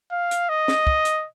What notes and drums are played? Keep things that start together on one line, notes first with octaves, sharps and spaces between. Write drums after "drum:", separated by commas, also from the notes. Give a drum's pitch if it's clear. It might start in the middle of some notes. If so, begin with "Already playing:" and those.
F5
drum: hi-hat
D#5
drum: snare
drum: kick
drum: hi-hat